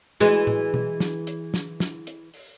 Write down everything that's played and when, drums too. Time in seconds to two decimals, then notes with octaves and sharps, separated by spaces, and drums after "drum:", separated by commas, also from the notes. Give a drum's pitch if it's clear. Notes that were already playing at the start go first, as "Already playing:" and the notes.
0.20 E3 G#3 F#4, drum: hi-hat
0.47 drum: tom A2
0.74 drum: tom B2
1.00 drum: snare
1.27 drum: hi-hat
1.54 drum: snare
1.80 drum: snare
2.07 drum: hi-hat
2.34 drum: open hi-hat